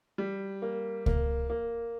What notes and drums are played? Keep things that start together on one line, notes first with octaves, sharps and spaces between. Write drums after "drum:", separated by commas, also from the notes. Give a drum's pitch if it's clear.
G3
A#3
A#3, drum: kick C#2
A#3